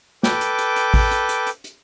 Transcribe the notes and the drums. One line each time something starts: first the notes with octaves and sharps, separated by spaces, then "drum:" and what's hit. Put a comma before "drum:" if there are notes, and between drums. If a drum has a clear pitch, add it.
A4 B4 G5 D6, drum: snare
drum: hi-hat
drum: hi-hat
drum: hi-hat
drum: kick A1, open hi-hat
drum: hi-hat
drum: hi-hat
drum: hi-hat
drum: hi-hat